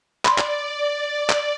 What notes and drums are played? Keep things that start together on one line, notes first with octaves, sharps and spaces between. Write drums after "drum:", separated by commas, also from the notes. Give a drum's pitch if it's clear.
D5 B5 C6, drum: clap
drum: clap
drum: clap